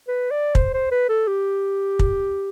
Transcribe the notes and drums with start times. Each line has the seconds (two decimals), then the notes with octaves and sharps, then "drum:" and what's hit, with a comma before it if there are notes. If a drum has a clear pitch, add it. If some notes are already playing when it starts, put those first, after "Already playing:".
0.08 B4
0.31 D5
0.55 C5, drum: kick
0.74 C5
0.91 B4
1.09 A4
1.28 G4
1.99 drum: kick